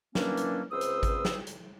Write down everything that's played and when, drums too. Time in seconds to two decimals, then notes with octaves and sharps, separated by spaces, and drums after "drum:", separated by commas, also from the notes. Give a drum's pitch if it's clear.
0.15 D#3 E3 F#3 A#3 C#4 D4, drum: snare
0.37 drum: hi-hat
0.71 C#2 C4 B4 C5 D#6 E6
0.81 drum: hi-hat
1.03 drum: kick G#1, hi-hat
1.25 drum: snare
1.47 drum: hi-hat